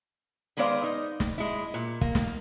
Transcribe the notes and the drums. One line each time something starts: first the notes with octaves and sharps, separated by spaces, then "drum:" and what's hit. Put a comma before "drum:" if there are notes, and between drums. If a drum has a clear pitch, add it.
D#3 G#3 B3 C5 D5 F5
D#4
drum: snare
G#3 E4
A#2
A#3, drum: kick
drum: snare